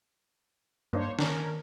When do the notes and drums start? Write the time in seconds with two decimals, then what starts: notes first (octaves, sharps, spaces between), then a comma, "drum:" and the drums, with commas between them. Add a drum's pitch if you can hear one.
0.93 G2 A#3 D4 D#4 C5 C#5
1.19 D#3 C#4 D4 A#4, drum: snare